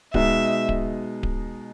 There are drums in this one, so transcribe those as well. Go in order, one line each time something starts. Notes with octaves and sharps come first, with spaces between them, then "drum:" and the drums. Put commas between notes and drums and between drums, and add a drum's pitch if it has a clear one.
B2 G#3 D#4 E5, drum: kick D1
drum: kick D1
drum: kick D1